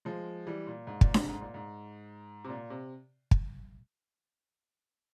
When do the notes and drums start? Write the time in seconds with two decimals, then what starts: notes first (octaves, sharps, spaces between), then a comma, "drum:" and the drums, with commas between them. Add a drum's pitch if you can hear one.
0.05 F3 G#3
0.47 E3 G3
0.67 A#2
0.87 G#2
1.01 A#2, drum: kick
1.14 G#2 C3, drum: snare D4
1.28 G#2
1.41 A#2
1.54 G#2
2.44 C3
2.49 A#2
2.70 C3
3.31 drum: kick